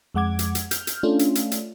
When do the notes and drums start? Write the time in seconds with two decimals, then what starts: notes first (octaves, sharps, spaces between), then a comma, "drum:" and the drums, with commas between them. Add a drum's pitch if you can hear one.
0.14 F2 G#3 F#5 D6 G#6
0.39 drum: hi-hat
0.55 drum: hi-hat
0.71 F6 G6, drum: hi-hat
0.87 drum: hi-hat
1.03 A3 C#4 D4 F4
1.19 drum: hi-hat
1.35 drum: hi-hat
1.52 drum: hi-hat